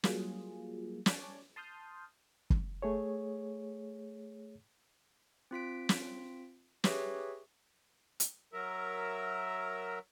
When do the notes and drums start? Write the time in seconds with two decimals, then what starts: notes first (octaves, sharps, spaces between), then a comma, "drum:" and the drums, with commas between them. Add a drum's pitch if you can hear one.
0.04 F#3 G3 A#3 F4 G#4, drum: snare
1.06 C#5 D5 G#5 A5 D6, drum: snare
1.56 A5 C6 D#6 F6 G6
2.50 drum: kick
2.82 A3 G#4 C#5
5.51 C4 F4 B6 D7
5.89 drum: snare
6.84 G4 G#4 B4 C#5 E5 C#6, drum: snare
8.20 drum: hi-hat
8.53 F#3 A#4 E5